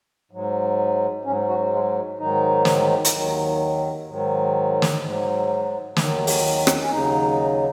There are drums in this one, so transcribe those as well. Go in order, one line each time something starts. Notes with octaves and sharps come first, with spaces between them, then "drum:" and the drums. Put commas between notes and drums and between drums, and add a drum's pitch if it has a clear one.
G#2 F#3
G#2 F#3 C#4
F#4
G#3
G#2 D#3 F#3 D#4
drum: snare
drum: hi-hat
D#2 D#3 F#3
G#2 D#3 F#3
drum: snare
G#2 F#3
D#2 D#3 F#3, drum: snare
drum: open hi-hat
drum: rim click
C#4
D#2 C#3 F#3 D#4